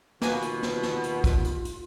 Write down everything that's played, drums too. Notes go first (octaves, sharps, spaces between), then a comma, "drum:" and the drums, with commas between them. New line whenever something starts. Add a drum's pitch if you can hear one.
D#2 B2 A#3 F4 B4 G#5, drum: snare
drum: hi-hat
drum: snare
drum: snare
drum: hi-hat
drum: kick, hi-hat
drum: hi-hat
drum: hi-hat